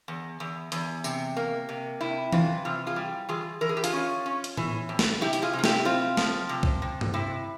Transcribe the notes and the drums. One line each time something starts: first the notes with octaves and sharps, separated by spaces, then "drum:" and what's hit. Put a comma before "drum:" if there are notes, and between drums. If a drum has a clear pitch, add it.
E2
E2
E2, drum: hi-hat
C3, drum: tambourine
A#3
C3
C3 E4
E3 F4, drum: tom E3
C3 F4
F4 G#4
G3
E3 F4 G#4
E3 A#4
G#4
G4
F4 G#4, drum: hi-hat
C#4
C#4
drum: hi-hat
E3, drum: tom A2
F2
drum: snare
C3 E4 G4
drum: hi-hat
F4 G#4
C3
F4
E4 G4, drum: snare
C4 F4
F3, drum: snare
C3
drum: kick
C3
drum: tom G2
C3 E4